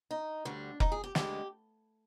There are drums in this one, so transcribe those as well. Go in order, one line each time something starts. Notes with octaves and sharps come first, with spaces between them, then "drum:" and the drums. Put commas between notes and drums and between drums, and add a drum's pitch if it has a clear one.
D#4
D2 D3 G3 D4
D#4, drum: kick F1
G#4
G4
D2 D3 G#3 G4, drum: snare